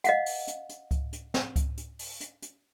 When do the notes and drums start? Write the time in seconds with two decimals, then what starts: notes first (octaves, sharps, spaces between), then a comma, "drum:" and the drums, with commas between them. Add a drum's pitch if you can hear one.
0.04 D#5 F5 F#5, drum: hi-hat
0.26 drum: open hi-hat
0.48 drum: hi-hat
0.69 drum: hi-hat
0.91 drum: kick C#2, hi-hat
1.12 drum: hi-hat
1.34 drum: snare
1.56 drum: kick C#2, hi-hat
1.77 drum: hi-hat
1.99 drum: open hi-hat
2.21 drum: hi-hat
2.42 drum: hi-hat